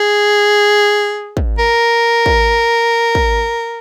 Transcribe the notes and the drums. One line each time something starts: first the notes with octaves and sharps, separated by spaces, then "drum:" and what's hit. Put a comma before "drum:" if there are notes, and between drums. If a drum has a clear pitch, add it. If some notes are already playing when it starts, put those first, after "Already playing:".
Already playing: G#4
drum: kick
A#4
drum: kick
drum: kick